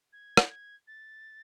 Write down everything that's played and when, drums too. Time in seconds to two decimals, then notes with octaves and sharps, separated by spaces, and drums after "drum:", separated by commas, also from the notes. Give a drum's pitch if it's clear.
0.12 G#6
0.37 drum: rim click
0.49 G#6
0.87 A6